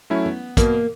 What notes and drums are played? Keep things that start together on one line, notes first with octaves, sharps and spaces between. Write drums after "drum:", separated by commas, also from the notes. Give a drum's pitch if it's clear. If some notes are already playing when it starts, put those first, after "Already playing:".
F#3 A3 C#4 E4
B3
B2 A#3, drum: kick, hi-hat